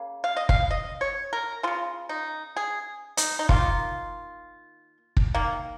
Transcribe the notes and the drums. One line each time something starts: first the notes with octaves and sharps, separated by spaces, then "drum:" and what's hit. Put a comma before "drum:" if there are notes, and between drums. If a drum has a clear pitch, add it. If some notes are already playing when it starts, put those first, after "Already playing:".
Already playing: C#3 A#3
F5
D#5
F5, drum: kick
D#5
C#5
A#4
C#3 G#3 F4
D#4
G#4
D#4, drum: hi-hat
D#4
D#3 A#3 F4, drum: kick
drum: kick
D#3 A#3